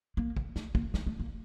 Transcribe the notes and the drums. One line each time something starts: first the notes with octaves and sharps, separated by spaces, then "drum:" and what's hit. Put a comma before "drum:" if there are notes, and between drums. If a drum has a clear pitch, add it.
A#3
drum: kick
A3, drum: snare
A#3, drum: kick
G#3, drum: snare
A3
A#3